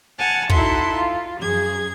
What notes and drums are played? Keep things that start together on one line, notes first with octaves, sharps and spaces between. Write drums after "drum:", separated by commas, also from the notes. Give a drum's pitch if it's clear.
F#5 G#5 A5 F6
D#4 E4 F#4 A4 E5 C6, drum: kick
F4
F#2 G#4 G#6